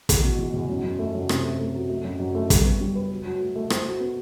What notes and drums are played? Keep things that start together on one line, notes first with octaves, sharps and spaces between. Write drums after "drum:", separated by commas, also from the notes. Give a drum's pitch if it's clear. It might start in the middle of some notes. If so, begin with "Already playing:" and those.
E2, drum: kick, hi-hat
B2
E2
E2
F#2
F#2
A3
F#2
C3, drum: rim click
A3
A3
F#3
A3
F#2
F#2
A3
G3, drum: kick, hi-hat
B3
G3
B4
F#3
F#3
A3
A3
C5, drum: rim click
F#4
B3